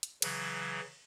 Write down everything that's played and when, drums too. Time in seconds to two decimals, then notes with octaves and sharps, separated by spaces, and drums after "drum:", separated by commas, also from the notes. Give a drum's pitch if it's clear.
0.03 drum: hi-hat
0.22 C#3 E3 F#3, drum: cymbal